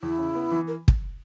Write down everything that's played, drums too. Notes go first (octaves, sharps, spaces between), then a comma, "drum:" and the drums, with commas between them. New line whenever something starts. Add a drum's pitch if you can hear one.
E2 E4
C#3
B3
E3
A#4
drum: kick